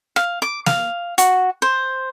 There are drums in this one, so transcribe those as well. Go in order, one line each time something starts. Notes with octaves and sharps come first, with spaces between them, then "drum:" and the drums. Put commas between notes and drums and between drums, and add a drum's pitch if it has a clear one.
F5, drum: rim click
D6
F5, drum: snare
F#4, drum: hi-hat
C5